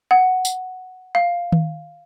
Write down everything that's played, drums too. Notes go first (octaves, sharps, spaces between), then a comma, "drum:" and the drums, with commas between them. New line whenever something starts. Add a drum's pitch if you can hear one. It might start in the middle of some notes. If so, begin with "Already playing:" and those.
F#5
drum: tambourine
F5
drum: tom D#3